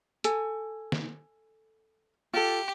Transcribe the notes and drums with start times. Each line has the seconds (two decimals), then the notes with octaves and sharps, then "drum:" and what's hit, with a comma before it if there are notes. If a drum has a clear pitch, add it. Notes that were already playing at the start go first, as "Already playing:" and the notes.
0.24 A4 G#5, drum: hi-hat
0.92 drum: snare
2.34 F4 G4 A4